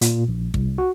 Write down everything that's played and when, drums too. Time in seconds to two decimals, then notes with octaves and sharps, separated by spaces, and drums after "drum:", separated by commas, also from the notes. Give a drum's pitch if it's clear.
0.01 A#2, drum: hi-hat
0.28 A#1
0.54 C2, drum: kick
0.78 F#4